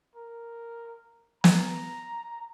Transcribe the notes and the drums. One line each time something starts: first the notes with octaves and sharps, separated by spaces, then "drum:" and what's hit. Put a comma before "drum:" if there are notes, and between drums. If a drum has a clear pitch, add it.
A#4
A#5, drum: snare